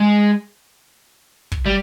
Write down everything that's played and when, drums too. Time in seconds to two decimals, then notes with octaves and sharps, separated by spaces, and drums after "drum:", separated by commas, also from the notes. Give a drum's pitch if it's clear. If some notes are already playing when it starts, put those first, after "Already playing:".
Already playing: G#3
1.52 drum: kick
1.66 G3